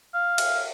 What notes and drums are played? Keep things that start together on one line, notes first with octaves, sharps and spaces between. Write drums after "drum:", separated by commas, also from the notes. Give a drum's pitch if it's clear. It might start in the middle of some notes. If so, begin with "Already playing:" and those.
F5
drum: cymbal